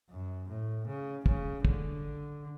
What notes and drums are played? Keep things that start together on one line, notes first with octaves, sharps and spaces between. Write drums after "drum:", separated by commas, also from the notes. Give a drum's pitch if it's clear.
F#2
A2
C#3
C#3, drum: kick
D3, drum: kick